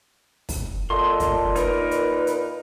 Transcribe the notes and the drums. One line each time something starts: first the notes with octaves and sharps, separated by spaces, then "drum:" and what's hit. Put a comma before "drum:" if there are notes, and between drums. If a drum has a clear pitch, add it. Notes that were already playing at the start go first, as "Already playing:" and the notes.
drum: kick, open hi-hat
A#2 A4 D#5 C6
drum: kick, hi-hat
D#4 A#4 B4, drum: hi-hat
drum: hi-hat
drum: hi-hat